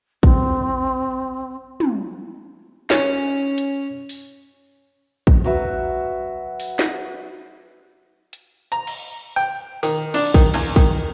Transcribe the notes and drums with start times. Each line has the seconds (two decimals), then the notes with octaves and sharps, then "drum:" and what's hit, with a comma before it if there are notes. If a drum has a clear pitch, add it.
0.23 C4, drum: kick
1.80 drum: tom
2.90 C#4, drum: snare
3.58 drum: hi-hat
4.09 drum: open hi-hat
5.27 drum: kick
5.44 F#3 F#4 B4 E5
6.60 drum: open hi-hat
6.79 drum: snare
8.33 drum: hi-hat
8.72 A#5, drum: hi-hat
8.87 drum: cymbal
9.36 G5
9.83 D#3, drum: open hi-hat
10.14 D4, drum: cymbal
10.34 D#3, drum: kick
10.54 E2, drum: cymbal
10.76 D#3, drum: kick